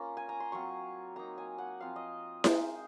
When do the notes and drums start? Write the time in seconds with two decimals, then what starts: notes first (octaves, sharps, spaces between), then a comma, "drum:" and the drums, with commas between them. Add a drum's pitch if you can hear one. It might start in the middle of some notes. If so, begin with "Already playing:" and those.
Already playing: A#3 C#4 F4 A#5
0.17 G#5
0.29 A#5
0.40 C6
0.52 F#3 C4 F4 C#6
1.16 A#3 D#4 A#5
1.38 G#5
1.58 F#5
1.80 F3 C4 F4 F5
1.96 D#5
2.44 G#3 D#4 C5, drum: snare E4